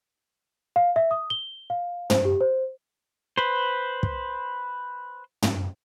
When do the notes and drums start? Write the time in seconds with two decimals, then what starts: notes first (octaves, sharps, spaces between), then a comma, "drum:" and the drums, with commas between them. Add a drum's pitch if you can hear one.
0.76 F5
0.96 E5
1.11 D#6
1.30 G7
1.70 F5
2.10 C5, drum: tom
2.25 G4
2.41 C5
3.38 B4 C5
4.03 drum: kick
5.42 drum: tom